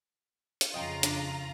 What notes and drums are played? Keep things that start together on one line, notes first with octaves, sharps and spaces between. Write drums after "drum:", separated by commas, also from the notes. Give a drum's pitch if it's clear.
drum: hi-hat
F2 C#3 F4 D#5 G5 A#5
D4, drum: hi-hat